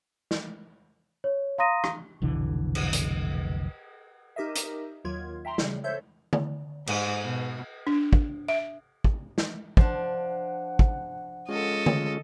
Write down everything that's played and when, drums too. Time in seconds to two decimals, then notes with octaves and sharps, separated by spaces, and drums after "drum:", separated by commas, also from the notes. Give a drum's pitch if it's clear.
0.31 drum: snare
1.24 C#5
1.58 F5 A#5 C6 D#6 A#6 D#7
1.84 drum: rim click
2.22 F1 B1 D3 E3
2.75 drum: cymbal
2.93 drum: hi-hat
4.36 D#4 G4 A#4 D#5 E5
4.56 drum: hi-hat
5.04 D#2 D#3 F#3 F4 G#6
5.45 E5 G5 A#5 C6
5.58 C#3 G3, drum: snare
5.84 A4 C5 C#5 E5 G6
6.33 drum: tom D3
6.87 G#2, drum: cymbal
7.24 B2
7.87 D4
8.13 drum: kick
8.48 E5
9.04 drum: kick
9.38 drum: snare
9.77 F3 D4 F#5, drum: kick
10.79 drum: kick
11.49 G#3 C#4 F4 A4 D#5
11.86 drum: tom D3